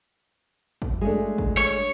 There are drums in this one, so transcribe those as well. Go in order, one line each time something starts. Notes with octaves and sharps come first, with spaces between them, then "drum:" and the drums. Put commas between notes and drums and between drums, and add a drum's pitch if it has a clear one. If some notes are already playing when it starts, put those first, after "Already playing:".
drum: kick
G#3 A3 D4
drum: kick
C#5